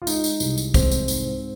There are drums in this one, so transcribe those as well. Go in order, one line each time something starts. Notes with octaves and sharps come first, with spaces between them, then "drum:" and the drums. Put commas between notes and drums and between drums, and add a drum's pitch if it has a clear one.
F4
G#3 D#4, drum: tambourine
drum: tambourine
C2, drum: tambourine
drum: tambourine
G#3 C4, drum: kick, tambourine
drum: tambourine
G#2, drum: tambourine